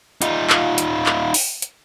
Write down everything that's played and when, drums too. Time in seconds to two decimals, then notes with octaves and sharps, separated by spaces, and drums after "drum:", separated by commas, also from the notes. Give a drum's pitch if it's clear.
0.22 D#4 F4, drum: hi-hat
0.50 drum: clap
0.78 drum: hi-hat
1.06 drum: clap
1.34 drum: open hi-hat
1.62 drum: hi-hat